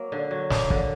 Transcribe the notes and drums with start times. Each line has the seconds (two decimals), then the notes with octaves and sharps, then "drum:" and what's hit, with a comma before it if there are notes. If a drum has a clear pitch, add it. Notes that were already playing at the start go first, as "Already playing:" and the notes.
Already playing: F#3 A#3
0.12 D3
0.31 F#3
0.50 A#3, drum: snare
0.70 D3, drum: kick